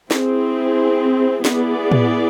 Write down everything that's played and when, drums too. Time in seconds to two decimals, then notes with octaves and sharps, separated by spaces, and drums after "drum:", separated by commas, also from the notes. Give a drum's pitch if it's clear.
0.11 C4 E4 G#4, drum: snare
1.45 B3 E4 G#4 D5, drum: snare
1.92 drum: tom A2